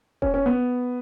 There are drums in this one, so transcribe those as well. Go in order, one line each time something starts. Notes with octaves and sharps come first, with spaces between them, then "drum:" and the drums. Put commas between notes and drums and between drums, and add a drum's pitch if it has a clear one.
C#4, drum: kick E1
C#4
B3